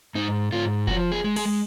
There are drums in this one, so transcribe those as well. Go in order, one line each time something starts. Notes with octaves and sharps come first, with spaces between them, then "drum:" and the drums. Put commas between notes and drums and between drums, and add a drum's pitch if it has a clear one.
G#2 D#4
G#2 F4
F3 F#4, drum: kick F1
G#4
G#3
G#4, drum: cymbal